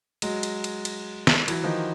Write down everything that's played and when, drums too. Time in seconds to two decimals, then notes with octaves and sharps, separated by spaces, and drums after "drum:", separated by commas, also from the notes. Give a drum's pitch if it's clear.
0.22 F#3 G#3, drum: cymbal
0.43 drum: cymbal
0.64 drum: cymbal
0.85 drum: cymbal
1.27 drum: snare
1.48 E3 F#3, drum: cymbal
1.64 D#3 F3